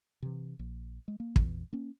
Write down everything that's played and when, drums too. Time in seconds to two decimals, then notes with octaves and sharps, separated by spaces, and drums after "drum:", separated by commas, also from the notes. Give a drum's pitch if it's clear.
0.22 C3 E3
0.59 A#1
1.08 G#3
1.20 A#3
1.36 E2 A#2 E3, drum: kick
1.73 A#3 C#4